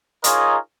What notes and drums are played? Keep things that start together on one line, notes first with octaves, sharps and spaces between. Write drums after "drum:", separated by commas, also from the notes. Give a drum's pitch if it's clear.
D#4 F4 G#4 A#4 C#5 D#5, drum: hi-hat